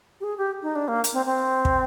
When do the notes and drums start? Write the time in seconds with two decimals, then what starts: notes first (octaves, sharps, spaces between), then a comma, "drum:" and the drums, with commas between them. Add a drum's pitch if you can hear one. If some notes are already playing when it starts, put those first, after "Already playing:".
0.21 G4
0.24 G#4
0.38 G4
0.62 D#4
0.75 D4
0.88 A#3
1.04 drum: hi-hat
1.13 C4
1.26 C4
1.65 drum: kick